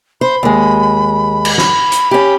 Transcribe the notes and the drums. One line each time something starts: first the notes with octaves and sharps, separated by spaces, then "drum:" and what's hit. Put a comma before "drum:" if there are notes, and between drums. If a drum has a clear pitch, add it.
C5 B5
D#2 G#3
drum: cymbal
B5, drum: snare
drum: hi-hat
C#4 G4